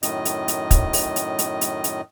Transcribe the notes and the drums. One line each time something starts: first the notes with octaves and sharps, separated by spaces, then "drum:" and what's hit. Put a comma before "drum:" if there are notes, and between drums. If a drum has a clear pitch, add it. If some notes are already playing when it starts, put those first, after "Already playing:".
F#2 A2 D#3 D#5, drum: hi-hat
drum: hi-hat
drum: hi-hat
drum: kick, hi-hat
drum: open hi-hat
drum: hi-hat
drum: hi-hat
drum: hi-hat
drum: hi-hat